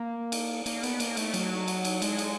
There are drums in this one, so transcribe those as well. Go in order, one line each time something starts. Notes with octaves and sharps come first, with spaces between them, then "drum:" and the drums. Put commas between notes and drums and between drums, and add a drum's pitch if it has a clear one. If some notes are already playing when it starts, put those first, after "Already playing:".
Already playing: A#3
drum: cymbal
A#3, drum: cymbal
B3, drum: cymbal
A#3, drum: cymbal
A3, drum: cymbal
F#3, drum: cymbal
drum: cymbal
drum: cymbal
G#3, drum: cymbal
drum: cymbal